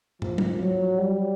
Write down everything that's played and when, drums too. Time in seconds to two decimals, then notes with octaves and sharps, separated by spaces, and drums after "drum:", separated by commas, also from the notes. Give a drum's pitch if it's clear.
0.22 F3, drum: tom
0.38 drum: tom
0.60 F#3
0.98 G3